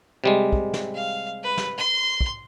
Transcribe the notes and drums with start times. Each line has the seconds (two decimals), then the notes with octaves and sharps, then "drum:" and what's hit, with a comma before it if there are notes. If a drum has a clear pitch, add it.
0.24 C3 G3 G#3
0.53 drum: kick
0.74 drum: snare
0.95 F5
1.43 B4
1.58 drum: snare
1.78 C6
2.21 drum: kick